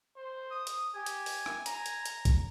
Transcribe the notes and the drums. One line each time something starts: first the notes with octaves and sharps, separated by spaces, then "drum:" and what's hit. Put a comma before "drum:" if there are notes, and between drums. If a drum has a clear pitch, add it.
C5
D#6
drum: hi-hat
G4 G#5
drum: hi-hat
drum: open hi-hat
drum: rim click
A#5, drum: hi-hat
drum: hi-hat
drum: hi-hat
drum: kick, hi-hat